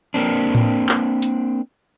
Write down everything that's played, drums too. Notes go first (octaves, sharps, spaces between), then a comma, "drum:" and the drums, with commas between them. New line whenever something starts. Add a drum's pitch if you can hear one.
A#3 C4 D4
drum: tom A2
drum: clap
drum: hi-hat